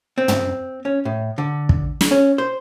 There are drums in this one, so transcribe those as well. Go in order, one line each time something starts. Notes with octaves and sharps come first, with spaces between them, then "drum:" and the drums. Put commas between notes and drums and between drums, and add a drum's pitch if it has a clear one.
C4
drum: tom
C#4
A2
D3
drum: kick
drum: snare
C#4
C5